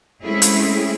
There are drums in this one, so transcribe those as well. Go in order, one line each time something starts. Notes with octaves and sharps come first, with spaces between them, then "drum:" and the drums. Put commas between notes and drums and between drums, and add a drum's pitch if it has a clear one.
G#3 A3 C4 C#4 E4 G#4
drum: hi-hat